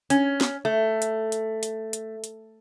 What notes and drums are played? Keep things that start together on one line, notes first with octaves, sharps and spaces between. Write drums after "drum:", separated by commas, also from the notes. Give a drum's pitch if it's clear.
C#4, drum: hi-hat
drum: snare
A3
drum: hi-hat
drum: hi-hat
drum: hi-hat
drum: hi-hat
drum: hi-hat